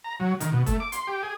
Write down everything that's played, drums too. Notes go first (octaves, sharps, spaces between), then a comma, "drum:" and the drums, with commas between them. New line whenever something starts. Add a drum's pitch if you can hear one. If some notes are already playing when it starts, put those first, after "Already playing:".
A#5
F#3
D#3, drum: hi-hat
B2
A3, drum: kick F#1, hi-hat
D6
C6, drum: hi-hat
G4
G#4